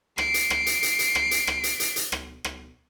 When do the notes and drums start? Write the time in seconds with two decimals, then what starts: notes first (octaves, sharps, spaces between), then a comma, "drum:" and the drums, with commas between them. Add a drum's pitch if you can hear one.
0.18 C7 D7, drum: rim click
0.34 drum: hi-hat
0.50 drum: rim click
0.66 drum: hi-hat
0.83 drum: hi-hat
0.99 drum: hi-hat
1.15 drum: rim click
1.31 drum: hi-hat
1.47 drum: rim click
1.64 drum: hi-hat
1.80 drum: hi-hat
1.96 drum: hi-hat
2.12 drum: rim click
2.44 drum: rim click